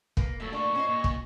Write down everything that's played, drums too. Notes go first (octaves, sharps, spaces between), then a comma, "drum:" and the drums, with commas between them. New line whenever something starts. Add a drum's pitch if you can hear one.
A#3 B4, drum: kick
A2 F#3 A#3 E4 A4
D4 D5 C#6
C#4 F4 C5 D#5
A#2
drum: kick